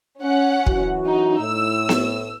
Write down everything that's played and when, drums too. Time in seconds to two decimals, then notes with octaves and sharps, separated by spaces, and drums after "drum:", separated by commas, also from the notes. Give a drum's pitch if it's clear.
0.21 C#4 F#5
0.67 F#2 E3 F#4, drum: kick
1.06 D#4
1.39 A2 E6
1.89 drum: snare B3